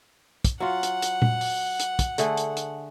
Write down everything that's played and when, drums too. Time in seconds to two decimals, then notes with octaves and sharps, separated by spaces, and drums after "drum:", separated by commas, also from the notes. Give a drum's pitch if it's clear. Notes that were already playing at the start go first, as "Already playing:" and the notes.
0.45 drum: kick, hi-hat
0.60 F#3 F4 F#5
0.83 drum: hi-hat
1.02 drum: hi-hat
1.22 drum: tom A#2
1.41 drum: open hi-hat
1.80 drum: hi-hat
1.99 drum: kick, hi-hat
2.18 D3 A3 G#4, drum: hi-hat
2.37 drum: hi-hat
2.57 drum: hi-hat